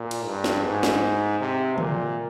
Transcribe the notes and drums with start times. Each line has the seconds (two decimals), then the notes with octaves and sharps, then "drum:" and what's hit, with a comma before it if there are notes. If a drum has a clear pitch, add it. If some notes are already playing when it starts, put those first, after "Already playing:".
Already playing: A#2
0.11 drum: cymbal
0.26 G2
0.44 drum: snare
0.65 G#2
0.83 drum: snare
1.40 C3
1.78 A#2, drum: tom